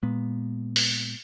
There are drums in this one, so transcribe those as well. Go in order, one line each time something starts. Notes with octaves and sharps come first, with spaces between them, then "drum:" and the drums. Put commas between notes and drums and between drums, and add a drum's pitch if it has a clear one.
A#2 G#3 B3
drum: open hi-hat